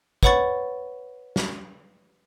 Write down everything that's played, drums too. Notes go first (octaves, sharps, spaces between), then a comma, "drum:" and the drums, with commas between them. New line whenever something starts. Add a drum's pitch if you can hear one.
B4 C#5 F#5 B5 C#6 A6, drum: kick
drum: snare